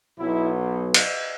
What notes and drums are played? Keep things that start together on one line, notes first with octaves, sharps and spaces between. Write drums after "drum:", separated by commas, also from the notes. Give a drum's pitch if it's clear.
B1 B2 F#3 B3 E4
drum: cymbal